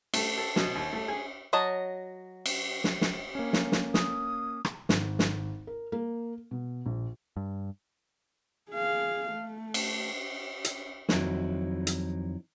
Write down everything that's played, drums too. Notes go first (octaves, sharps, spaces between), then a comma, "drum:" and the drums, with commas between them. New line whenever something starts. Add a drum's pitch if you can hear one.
A3, drum: cymbal
A4
B2, drum: snare
D#2
A3
G#4
F#3 C#5 D#5 A5
drum: cymbal
drum: snare
drum: snare
A#3 C#4
drum: snare
drum: snare
D#6, drum: snare
drum: rim click
G#1, drum: snare
drum: snare
A#4
A#3
B2
A#1
G2
G#4 F5
A3
drum: cymbal
drum: hi-hat
F2 D#3 F#3 C4 E4, drum: snare
drum: hi-hat